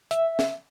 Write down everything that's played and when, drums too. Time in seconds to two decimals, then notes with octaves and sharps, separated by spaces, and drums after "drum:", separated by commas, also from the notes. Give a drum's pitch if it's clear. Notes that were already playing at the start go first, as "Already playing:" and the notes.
0.11 E5, drum: hi-hat
0.39 drum: snare